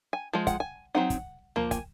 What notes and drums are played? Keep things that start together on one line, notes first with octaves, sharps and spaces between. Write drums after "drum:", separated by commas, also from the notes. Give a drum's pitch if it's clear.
G#5
F3 G#3
F#5, drum: kick, hi-hat
G#5
F#3 C4 D#4 F#5
drum: kick, hi-hat
F3 A#3, drum: tom C#2
G#5, drum: kick, hi-hat